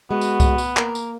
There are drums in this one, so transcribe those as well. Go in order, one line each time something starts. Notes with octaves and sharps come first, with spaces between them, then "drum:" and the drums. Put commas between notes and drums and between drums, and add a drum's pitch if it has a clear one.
G#3 B3 F#4
drum: tambourine
drum: kick C2, tambourine
drum: tambourine
A#3 A#4, drum: clap
drum: tambourine